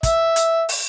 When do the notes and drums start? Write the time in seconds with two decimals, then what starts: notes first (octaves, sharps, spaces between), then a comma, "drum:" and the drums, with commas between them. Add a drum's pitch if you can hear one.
0.03 E5, drum: kick, hi-hat
0.36 drum: hi-hat
0.69 drum: open hi-hat